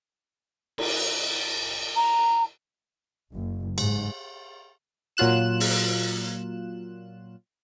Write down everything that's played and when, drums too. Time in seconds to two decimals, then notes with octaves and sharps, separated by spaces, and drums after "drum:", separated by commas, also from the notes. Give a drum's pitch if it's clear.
0.78 drum: cymbal
1.96 A#5
3.34 F#1
3.78 G#2, drum: cymbal
5.17 A#2 F#3 F4 F#6 E7
5.60 drum: open hi-hat